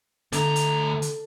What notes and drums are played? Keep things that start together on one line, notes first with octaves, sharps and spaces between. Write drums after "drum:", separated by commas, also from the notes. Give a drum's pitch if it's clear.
D2 D3 A#5, drum: hi-hat
drum: hi-hat
drum: hi-hat